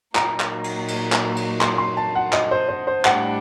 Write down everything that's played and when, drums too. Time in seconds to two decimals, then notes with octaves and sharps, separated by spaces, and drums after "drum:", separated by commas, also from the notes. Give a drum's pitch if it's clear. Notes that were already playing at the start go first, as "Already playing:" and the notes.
0.15 A#2 F#3 A#3 D#4 A#5, drum: clap
0.40 drum: clap
0.64 drum: cymbal
0.88 drum: cymbal
1.12 drum: clap
1.36 drum: cymbal
1.61 C6, drum: clap
1.78 C6
1.97 A5
2.15 F#5
2.33 D#5, drum: clap
2.51 C5
2.69 C5
2.87 C5
3.05 A2 G3 D4 F#5, drum: clap